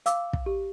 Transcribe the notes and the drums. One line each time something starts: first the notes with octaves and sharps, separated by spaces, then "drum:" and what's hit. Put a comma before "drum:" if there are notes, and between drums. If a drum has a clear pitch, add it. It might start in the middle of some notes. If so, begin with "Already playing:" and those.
F5 D6 E6, drum: hi-hat
drum: kick
G4